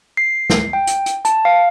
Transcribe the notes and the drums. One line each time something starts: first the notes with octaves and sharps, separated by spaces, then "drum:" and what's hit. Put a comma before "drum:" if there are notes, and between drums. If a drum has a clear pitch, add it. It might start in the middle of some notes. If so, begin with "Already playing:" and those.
C7
drum: snare
G5
drum: hi-hat
drum: hi-hat
A5, drum: hi-hat
F5